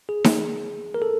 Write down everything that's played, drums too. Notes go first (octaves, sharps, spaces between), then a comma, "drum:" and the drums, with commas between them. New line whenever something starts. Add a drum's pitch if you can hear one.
G#4
drum: snare D#4
A#4
A4